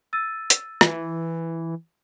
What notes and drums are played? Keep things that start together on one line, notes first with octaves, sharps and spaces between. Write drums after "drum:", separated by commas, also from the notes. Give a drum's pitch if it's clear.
E6 A6 D#7
drum: hi-hat
E3, drum: rim click